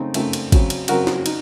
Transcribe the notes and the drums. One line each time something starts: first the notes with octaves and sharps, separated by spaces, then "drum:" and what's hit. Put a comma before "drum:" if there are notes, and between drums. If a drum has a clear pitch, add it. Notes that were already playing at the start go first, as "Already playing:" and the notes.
Already playing: C#3 A3 C4 D#4
C#3 A3 C4 D#4, drum: cymbal
drum: cymbal
C#3 F#3 C4, drum: kick, cymbal
drum: cymbal
C#3 F#3 C4 F#4 A#4, drum: cymbal
drum: snare
D#4, drum: cymbal